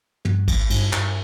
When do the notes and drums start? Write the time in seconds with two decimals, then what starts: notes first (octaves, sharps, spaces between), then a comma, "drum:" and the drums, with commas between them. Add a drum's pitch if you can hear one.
0.25 G2, drum: tom
0.48 G#1, drum: kick C2, cymbal
0.70 G2, drum: cymbal
0.93 G2, drum: clap